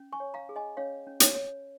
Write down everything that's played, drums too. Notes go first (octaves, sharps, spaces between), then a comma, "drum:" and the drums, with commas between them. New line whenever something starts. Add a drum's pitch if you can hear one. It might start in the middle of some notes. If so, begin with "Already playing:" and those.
Already playing: C#4
G#5 C#6
C#5
F5 A#5
G#4
D#5 G#5
C#4 C#5 F5
C#4
C#5, drum: hi-hat
C#5